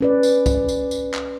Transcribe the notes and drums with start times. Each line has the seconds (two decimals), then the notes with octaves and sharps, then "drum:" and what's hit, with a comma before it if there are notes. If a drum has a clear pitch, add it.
0.01 C#4 B4 D5
0.23 drum: tambourine
0.46 drum: kick, tambourine
0.69 drum: tambourine
0.91 drum: tambourine
1.14 drum: clap